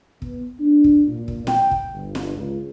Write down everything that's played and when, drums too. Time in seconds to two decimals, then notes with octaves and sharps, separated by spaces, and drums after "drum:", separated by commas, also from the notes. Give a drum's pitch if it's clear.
0.22 B3, drum: kick
0.59 D4
0.84 drum: kick
1.08 A#2
1.28 drum: kick
1.47 G5, drum: snare
1.71 drum: kick
1.93 G1
2.15 drum: snare
2.35 C#2